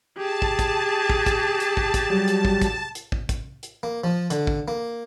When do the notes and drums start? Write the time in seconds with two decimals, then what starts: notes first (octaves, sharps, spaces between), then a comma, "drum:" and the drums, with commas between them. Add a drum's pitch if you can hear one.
0.17 G4 G#4 A5
0.42 drum: kick
0.59 drum: kick, hi-hat
1.10 drum: kick
1.26 drum: kick, hi-hat
1.60 drum: hi-hat
1.77 drum: kick
1.94 drum: kick, hi-hat
2.10 F#3 G3
2.28 drum: hi-hat
2.45 drum: kick
2.62 drum: kick, hi-hat
2.95 drum: hi-hat
3.12 drum: kick
3.29 drum: kick, hi-hat
3.63 drum: hi-hat
3.83 A#3
4.04 F3
4.30 D3, drum: hi-hat
4.47 drum: kick
4.68 A#3